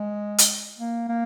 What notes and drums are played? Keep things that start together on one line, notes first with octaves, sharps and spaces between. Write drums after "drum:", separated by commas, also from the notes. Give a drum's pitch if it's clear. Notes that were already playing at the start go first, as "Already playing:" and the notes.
Already playing: G#3
drum: hi-hat
A#3
A#3